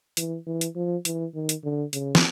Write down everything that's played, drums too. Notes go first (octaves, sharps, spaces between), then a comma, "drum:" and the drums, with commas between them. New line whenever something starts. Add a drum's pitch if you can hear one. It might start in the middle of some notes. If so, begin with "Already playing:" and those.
E3, drum: hi-hat
E3
drum: hi-hat
F3
E3, drum: hi-hat
D#3
drum: hi-hat
D3
C#3, drum: hi-hat
drum: snare